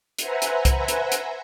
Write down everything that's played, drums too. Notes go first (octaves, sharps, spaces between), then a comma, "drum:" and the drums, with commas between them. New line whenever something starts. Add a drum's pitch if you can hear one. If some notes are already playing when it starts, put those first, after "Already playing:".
B4 C5 E5 F#5 G#5 A#5, drum: hi-hat
drum: hi-hat
drum: kick C2, hi-hat
drum: hi-hat
drum: hi-hat